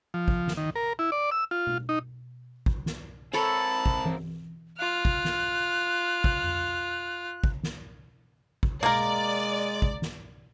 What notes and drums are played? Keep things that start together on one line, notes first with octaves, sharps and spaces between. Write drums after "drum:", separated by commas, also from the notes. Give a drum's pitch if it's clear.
F3
drum: kick
drum: snare
D#3
A#4
E4
D5
E6
F4
drum: tom B2
D#4
drum: kick
drum: snare
C4 A4 A#4 C#5 A5 B5
drum: kick
drum: tom E3
F4 F6 F#6
drum: kick
drum: snare
drum: kick
drum: tom F2
drum: kick
drum: snare
drum: kick
G#3 A#3 A#4 D5, drum: tom B2
drum: kick
drum: snare